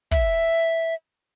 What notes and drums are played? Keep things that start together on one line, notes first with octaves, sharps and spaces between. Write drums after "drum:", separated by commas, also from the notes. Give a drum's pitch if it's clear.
E5, drum: kick